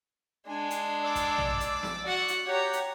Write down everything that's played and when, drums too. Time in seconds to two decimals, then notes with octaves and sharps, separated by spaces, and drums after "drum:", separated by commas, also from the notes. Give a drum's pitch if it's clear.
0.48 G#3 D4 G#5
0.70 drum: hi-hat
1.04 D5 D6 E6
1.15 drum: kick A1, hi-hat
1.38 drum: tom
1.60 drum: hi-hat
1.83 drum: snare
2.04 F#4 D5 F#5
2.28 drum: hi-hat
2.47 G4 C#5 F#5 A#5
2.73 drum: hi-hat